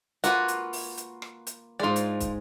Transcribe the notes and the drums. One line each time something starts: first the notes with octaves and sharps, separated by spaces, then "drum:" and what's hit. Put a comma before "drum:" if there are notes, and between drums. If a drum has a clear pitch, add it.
A#3 F4 F#4 B4, drum: hi-hat
drum: hi-hat
drum: open hi-hat
drum: hi-hat
drum: rim click
drum: hi-hat
G#2 G#3 F4 D5
drum: hi-hat
drum: kick, hi-hat